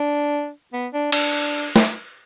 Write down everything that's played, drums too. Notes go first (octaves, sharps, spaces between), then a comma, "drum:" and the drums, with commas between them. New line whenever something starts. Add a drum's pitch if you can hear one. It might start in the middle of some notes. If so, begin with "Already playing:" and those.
Already playing: D4
B3
D4
D4, drum: cymbal
drum: snare